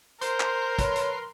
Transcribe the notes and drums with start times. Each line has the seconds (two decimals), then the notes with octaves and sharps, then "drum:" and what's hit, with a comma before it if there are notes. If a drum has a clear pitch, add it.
0.21 A#4 C5 C6, drum: hi-hat
0.40 drum: clap
0.79 B4 C#5, drum: kick, hi-hat
0.96 drum: hi-hat